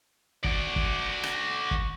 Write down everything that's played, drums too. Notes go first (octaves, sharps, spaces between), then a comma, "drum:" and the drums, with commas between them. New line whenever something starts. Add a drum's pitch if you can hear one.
F#4 D5, drum: kick
drum: kick
drum: rim click
drum: kick